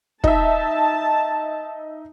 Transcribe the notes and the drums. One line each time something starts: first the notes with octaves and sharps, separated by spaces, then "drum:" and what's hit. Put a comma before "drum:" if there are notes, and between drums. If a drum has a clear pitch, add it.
D#4 E5 A5, drum: kick